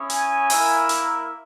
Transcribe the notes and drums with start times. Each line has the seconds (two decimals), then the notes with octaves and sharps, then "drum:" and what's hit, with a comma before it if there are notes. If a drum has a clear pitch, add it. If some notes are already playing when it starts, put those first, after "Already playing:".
Already playing: C#4 E4 G#4 C#5
0.10 G#5, drum: hi-hat
0.50 A#3 E4 A#4 E5, drum: open hi-hat
0.89 drum: hi-hat